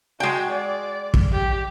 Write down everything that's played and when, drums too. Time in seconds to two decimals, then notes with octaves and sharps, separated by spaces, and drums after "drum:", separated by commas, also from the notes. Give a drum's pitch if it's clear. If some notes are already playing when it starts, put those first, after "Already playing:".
0.20 G#3 F#4 G5
0.51 D5
1.14 drum: kick
1.32 G4